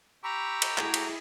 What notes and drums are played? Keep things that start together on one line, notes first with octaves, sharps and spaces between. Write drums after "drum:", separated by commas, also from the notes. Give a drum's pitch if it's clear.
G4 A#5 B5 C#6 E6
drum: cymbal
A3 E4 F#4 G#4, drum: clap
drum: cymbal